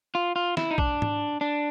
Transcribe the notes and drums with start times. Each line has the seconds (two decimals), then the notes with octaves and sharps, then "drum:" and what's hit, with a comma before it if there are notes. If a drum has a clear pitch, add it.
0.15 F4
0.36 F4
0.57 E4, drum: snare
0.71 D#4
0.78 D4, drum: kick B1
1.02 drum: tom G#2
1.41 D4